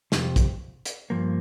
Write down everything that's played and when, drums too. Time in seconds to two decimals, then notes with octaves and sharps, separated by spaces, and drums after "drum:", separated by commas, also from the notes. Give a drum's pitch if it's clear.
0.12 F2 C3, drum: snare
0.36 drum: kick, hi-hat
0.86 drum: hi-hat
1.10 G2 F3 A#3